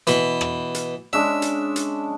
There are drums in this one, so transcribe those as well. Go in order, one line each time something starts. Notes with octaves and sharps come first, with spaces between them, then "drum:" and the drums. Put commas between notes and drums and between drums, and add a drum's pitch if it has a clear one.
B2 E3, drum: hi-hat
drum: rim click
drum: hi-hat
G#3 C#4 D4 E5
drum: hi-hat
drum: hi-hat